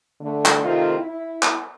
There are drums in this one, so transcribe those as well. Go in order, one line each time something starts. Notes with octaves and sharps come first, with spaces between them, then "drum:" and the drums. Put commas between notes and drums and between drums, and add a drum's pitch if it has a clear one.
D3 A3
drum: clap
C3 D#3 A3 C4 F4
E4
drum: clap